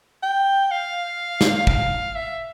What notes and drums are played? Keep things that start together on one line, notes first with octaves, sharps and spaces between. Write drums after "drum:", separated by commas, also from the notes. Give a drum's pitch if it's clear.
G5
F5
drum: snare
F5, drum: kick
E5